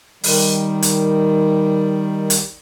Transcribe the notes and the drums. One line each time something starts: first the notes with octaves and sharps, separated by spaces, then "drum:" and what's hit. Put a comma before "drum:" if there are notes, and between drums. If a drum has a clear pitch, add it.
D#3 G3, drum: open hi-hat
drum: hi-hat
drum: hi-hat